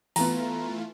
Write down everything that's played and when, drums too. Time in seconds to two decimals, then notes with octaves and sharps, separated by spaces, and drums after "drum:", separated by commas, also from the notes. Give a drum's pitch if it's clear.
0.16 E3 A3 B3 F4 A#5, drum: open hi-hat